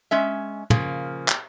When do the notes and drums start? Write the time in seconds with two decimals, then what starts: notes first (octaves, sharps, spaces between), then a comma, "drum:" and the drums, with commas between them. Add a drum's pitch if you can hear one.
0.11 G#3 C#4 E5
0.70 C#3 F3 A#3, drum: tom
1.28 drum: clap